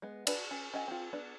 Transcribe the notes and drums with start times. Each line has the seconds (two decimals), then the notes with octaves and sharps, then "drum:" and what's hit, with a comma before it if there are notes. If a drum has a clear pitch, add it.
0.02 G#3 B3
0.27 D4 F#4 G#4 B4 A5, drum: cymbal
0.51 C#4
0.73 C#4 D#5 F#5 G#5
0.88 C4 F4
1.13 B3 D4